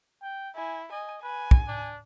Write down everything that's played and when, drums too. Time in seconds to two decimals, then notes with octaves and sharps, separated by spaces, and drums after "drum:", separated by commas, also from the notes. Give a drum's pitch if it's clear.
0.23 G5
0.56 E4 G#5
0.92 D#5 G#5
1.23 B4 G#5
1.51 drum: kick
1.68 D4